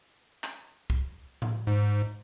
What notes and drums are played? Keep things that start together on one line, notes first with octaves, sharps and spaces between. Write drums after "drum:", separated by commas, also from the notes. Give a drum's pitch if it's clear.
drum: clap
drum: kick C2
drum: tom A2
G#2